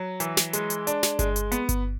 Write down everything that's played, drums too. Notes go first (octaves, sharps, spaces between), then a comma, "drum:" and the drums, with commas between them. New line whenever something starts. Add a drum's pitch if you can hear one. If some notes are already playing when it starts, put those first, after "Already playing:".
Already playing: F#3
E3, drum: hi-hat
drum: snare
G#3, drum: hi-hat
drum: hi-hat
D4, drum: hi-hat
drum: snare
G#3, drum: kick G1, hi-hat
drum: hi-hat
B3, drum: hi-hat
drum: kick G1, hi-hat